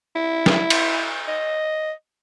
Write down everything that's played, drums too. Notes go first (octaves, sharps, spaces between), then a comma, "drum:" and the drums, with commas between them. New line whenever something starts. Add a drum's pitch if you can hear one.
E4
drum: snare
drum: cymbal
D#5